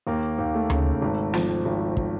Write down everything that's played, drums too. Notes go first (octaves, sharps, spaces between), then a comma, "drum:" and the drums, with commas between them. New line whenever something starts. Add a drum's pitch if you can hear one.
D#2 A#3
D#2
A3
C#3, drum: tom D2
G#1
F3, drum: snare
G#1
drum: kick